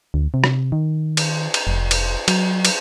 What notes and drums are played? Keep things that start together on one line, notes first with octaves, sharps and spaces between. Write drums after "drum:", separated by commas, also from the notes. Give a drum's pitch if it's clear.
D2
C3
drum: rim click
D#3
drum: cymbal
drum: cymbal
F1
drum: cymbal
F#3, drum: cymbal
drum: cymbal